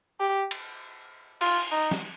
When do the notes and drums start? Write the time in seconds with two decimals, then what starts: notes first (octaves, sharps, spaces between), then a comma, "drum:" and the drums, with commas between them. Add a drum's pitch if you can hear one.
0.20 G4
0.51 drum: cymbal
1.41 F4, drum: cymbal
1.72 D#4
1.91 drum: snare